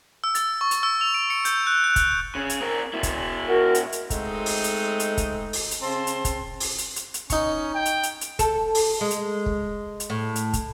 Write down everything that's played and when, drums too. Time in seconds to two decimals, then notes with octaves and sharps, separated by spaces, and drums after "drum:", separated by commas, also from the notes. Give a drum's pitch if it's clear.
0.24 E6
0.35 A6, drum: hi-hat
0.61 C#6
0.71 drum: hi-hat
0.83 E6
1.01 F7
1.14 D7
1.30 C#7
1.45 G6, drum: hi-hat
1.67 F#6
1.84 F#6
1.96 drum: kick, hi-hat
2.35 C#3
2.50 drum: hi-hat
2.60 C4 A#4
2.94 B2 E4
3.03 drum: kick, hi-hat
3.48 F#4 A#4
3.75 drum: hi-hat
3.92 drum: hi-hat
4.10 G#3 A3 C4 D#4, drum: kick, hi-hat
4.46 drum: open hi-hat
4.64 drum: hi-hat
5.00 drum: hi-hat
5.18 drum: kick, hi-hat
5.53 drum: open hi-hat
5.71 drum: hi-hat
5.82 C#3 C4 A5 C6
6.07 drum: hi-hat
6.25 drum: kick, hi-hat
6.60 drum: open hi-hat
6.78 drum: hi-hat
6.96 drum: hi-hat
7.14 drum: hi-hat
7.30 C#4 D#4 C#6, drum: kick, hi-hat
7.75 G5
7.85 drum: hi-hat
8.03 drum: hi-hat
8.21 drum: hi-hat
8.39 A4, drum: kick, hi-hat
8.75 drum: open hi-hat
9.01 G#3
9.11 drum: hi-hat
9.46 drum: kick
10.00 drum: hi-hat
10.10 A2
10.36 drum: hi-hat
10.53 drum: kick, hi-hat